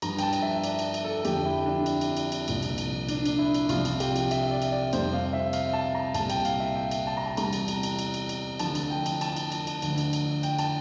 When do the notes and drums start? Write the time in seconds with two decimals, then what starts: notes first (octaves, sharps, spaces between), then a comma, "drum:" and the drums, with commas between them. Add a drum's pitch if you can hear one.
0.02 G2 F3 A#5, drum: cymbal
0.19 G5, drum: cymbal
0.23 A5
0.33 drum: cymbal
0.42 E5
0.64 D5, drum: cymbal
0.79 drum: cymbal
0.94 drum: cymbal
1.05 A4
1.25 F2 D3 F3 G4, drum: cymbal
1.45 E4
1.66 D4
1.86 drum: cymbal
2.01 drum: cymbal
2.17 drum: cymbal
2.32 drum: cymbal
2.48 C2 A#2 F3, drum: cymbal
2.63 drum: cymbal
2.78 drum: cymbal
3.09 D4, drum: cymbal
3.26 D4, drum: cymbal
3.39 E4
3.54 drum: cymbal
3.69 C2 C3 F3 F4, drum: cymbal
3.85 drum: cymbal
4.00 G4, drum: cymbal
4.16 drum: cymbal
4.31 E5, drum: cymbal
4.51 D5
4.62 drum: cymbal
4.72 D5
4.93 F2 C3 G3 C5, drum: cymbal
5.13 F5
5.33 E5
5.53 F5, drum: cymbal
5.73 A5
5.95 A#5
6.15 C2 A#2 G3 A5, drum: cymbal
6.30 G5, drum: cymbal
6.45 F5, drum: cymbal
6.60 E5
6.76 G5
6.91 drum: cymbal
7.07 A5
7.17 A#5
7.26 A5
7.37 E2 C3 G3 A#5, drum: cymbal
7.53 drum: cymbal
7.68 drum: cymbal
7.83 drum: cymbal
7.99 drum: cymbal
8.14 drum: cymbal
8.29 drum: cymbal
8.59 D2 D3 F3 A5, drum: cymbal
8.75 drum: cymbal
8.90 G5
9.06 drum: cymbal
9.21 A5, drum: cymbal
9.36 drum: cymbal
9.52 drum: cymbal
9.67 drum: cymbal
9.82 D2 D3 F3, drum: cymbal
9.98 drum: cymbal
10.13 drum: cymbal
10.43 G5, drum: cymbal
10.59 A5, drum: cymbal